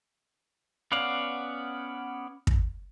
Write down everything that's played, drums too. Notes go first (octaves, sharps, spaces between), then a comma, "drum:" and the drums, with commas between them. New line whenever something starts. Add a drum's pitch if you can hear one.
B3 C#4 D5 F5 F#5
drum: kick